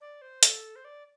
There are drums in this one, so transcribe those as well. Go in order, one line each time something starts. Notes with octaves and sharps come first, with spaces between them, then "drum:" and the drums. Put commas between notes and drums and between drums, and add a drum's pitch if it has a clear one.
D5
C5
A4, drum: hi-hat
C5
D5